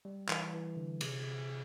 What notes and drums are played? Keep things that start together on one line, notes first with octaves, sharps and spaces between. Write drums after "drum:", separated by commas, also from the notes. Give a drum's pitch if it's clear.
G3
E3, drum: clap
E3
D3
C3, drum: cymbal